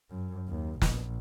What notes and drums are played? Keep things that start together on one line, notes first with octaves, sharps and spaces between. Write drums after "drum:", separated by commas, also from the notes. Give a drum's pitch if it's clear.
F#2
D#2
A#1, drum: snare